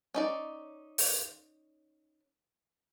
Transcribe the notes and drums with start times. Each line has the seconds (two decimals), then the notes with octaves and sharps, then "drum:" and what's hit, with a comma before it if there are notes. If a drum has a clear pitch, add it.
0.14 C#4 D#4 D5
0.98 drum: open hi-hat